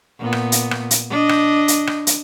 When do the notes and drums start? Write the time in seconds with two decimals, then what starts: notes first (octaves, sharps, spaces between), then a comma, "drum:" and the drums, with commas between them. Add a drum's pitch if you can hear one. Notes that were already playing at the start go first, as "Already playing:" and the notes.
0.19 A#2 B3
0.33 drum: rim click
0.52 drum: hi-hat
0.71 drum: rim click
0.91 drum: hi-hat
1.10 D4 D#5
1.29 drum: rim click
1.68 drum: hi-hat
1.87 drum: rim click
2.07 drum: hi-hat